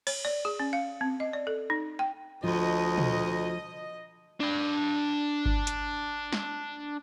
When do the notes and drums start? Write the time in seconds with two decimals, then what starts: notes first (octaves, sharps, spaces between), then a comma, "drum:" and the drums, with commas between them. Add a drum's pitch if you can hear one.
0.07 C#5, drum: cymbal
0.25 D5
0.45 G#4
0.60 C#4
0.73 F5
1.01 C4
1.20 D#5
1.33 D5
1.47 A4
1.70 D#4
1.99 G5
2.44 D2 F3 D#5
2.98 drum: tom
4.41 D4 B5
5.46 drum: kick G1
5.67 drum: hi-hat
6.33 drum: snare